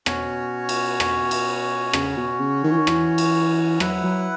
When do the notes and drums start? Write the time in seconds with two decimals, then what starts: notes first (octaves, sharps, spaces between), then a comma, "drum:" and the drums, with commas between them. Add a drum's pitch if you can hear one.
0.06 B2 C#4 F#4 C#5, drum: rim click
0.69 drum: cymbal
1.00 drum: rim click
1.31 drum: cymbal
1.93 C#3, drum: rim click
2.17 B2
2.40 C#3
2.64 D#3
2.71 E3
2.77 D#3
2.87 E3, drum: rim click
3.18 drum: cymbal
3.80 F#3 E4 B4 F#5, drum: rim click
4.04 F#3